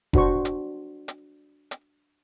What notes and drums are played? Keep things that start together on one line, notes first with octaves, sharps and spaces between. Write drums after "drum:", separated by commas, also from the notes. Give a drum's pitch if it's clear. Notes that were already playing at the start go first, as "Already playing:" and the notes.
D4 F#4 C5 C#6, drum: kick F1
drum: hi-hat
drum: hi-hat
drum: hi-hat